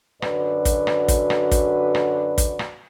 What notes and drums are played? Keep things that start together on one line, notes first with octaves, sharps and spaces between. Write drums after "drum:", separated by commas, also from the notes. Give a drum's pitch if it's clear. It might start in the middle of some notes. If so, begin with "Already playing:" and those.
F#2 D3 F#4 B4 D5, drum: rim click
drum: kick, hi-hat
drum: rim click
drum: kick, hi-hat
drum: rim click
drum: kick, hi-hat
drum: rim click
drum: kick, hi-hat
drum: rim click